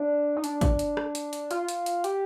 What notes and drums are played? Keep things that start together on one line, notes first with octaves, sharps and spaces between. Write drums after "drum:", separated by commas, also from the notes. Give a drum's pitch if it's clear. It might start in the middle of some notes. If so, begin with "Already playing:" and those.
Already playing: D4
D#4
D4, drum: hi-hat
drum: kick, hi-hat
drum: hi-hat
drum: rim click
drum: hi-hat
drum: hi-hat
F4, drum: hi-hat
drum: hi-hat
drum: hi-hat
G4, drum: hi-hat